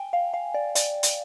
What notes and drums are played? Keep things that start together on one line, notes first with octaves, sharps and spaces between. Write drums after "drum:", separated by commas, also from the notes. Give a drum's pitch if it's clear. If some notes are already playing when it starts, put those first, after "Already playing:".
Already playing: G5 G#5
F5
F5
D5
D5, drum: hi-hat
drum: hi-hat